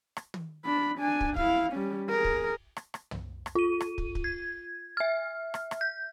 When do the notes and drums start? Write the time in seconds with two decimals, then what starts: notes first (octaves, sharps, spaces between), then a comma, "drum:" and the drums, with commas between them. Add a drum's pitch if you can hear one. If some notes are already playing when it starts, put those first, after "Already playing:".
0.17 drum: rim click
0.34 drum: tom
0.65 D4 B5
0.98 D4 G#5
1.21 drum: kick
1.36 E4 F5, drum: kick
1.73 G3 C#4
2.09 G#4 A#4
2.25 drum: kick
2.77 drum: rim click
2.94 drum: rim click
3.11 drum: tom
3.46 drum: rim click
3.55 F4 D#7
3.81 drum: rim click
3.98 drum: kick
4.15 drum: kick
4.24 G#6
4.97 E5 F6
5.54 drum: rim click
5.71 drum: rim click
5.81 G6